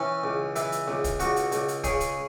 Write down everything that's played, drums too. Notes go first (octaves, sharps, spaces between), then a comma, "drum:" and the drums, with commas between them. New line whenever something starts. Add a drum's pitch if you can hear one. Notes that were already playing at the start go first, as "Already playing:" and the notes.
Already playing: E3 C#4
C#2
E3 E4, drum: hi-hat
drum: hi-hat
C#2, drum: snare B3
drum: kick, hi-hat
C#2 F#4, drum: hi-hat
drum: hi-hat
C#2, drum: hi-hat
drum: hi-hat
C#3 G#4, drum: kick, hi-hat
drum: hi-hat